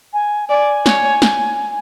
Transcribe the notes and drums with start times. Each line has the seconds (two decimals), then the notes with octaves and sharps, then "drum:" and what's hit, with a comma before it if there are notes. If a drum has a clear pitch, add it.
0.13 G#5
0.49 D5 G#5
0.86 C#5, drum: snare
1.22 drum: snare